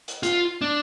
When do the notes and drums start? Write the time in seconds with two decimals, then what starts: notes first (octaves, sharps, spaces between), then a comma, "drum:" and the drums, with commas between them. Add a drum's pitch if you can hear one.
0.08 drum: hi-hat
0.23 F4, drum: hi-hat
0.61 D4